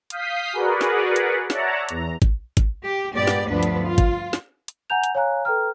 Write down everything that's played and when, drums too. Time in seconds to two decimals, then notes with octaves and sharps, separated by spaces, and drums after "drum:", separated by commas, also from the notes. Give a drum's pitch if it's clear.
0.10 F5 D#6 G6 B6 C7, drum: hi-hat
0.53 F#4 G#4 A#4 B4 D5 F#5
0.81 drum: snare
1.16 drum: hi-hat
1.50 C#5 D5 E5 F#5 A5 A#5, drum: snare
1.89 E2 A#5, drum: hi-hat
2.22 drum: kick, hi-hat
2.57 drum: kick, hi-hat
2.85 G4
3.17 G2 A#2 G#3 B3 G4 D5
3.27 drum: snare
3.49 D2 G2 F3 B3 D4 B4
3.63 drum: hi-hat
3.87 F4
3.98 drum: kick, hi-hat
4.33 drum: snare
4.68 drum: hi-hat
4.90 F#5 G#5 A#5 G6 F7
5.04 drum: hi-hat
5.15 C#5 F5 G#5 A#5 F#6
5.45 A4 B4 G5 A#5 F6